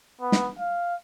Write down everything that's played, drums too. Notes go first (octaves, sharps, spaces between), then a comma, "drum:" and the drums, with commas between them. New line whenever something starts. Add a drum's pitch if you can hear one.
B3
drum: snare
F5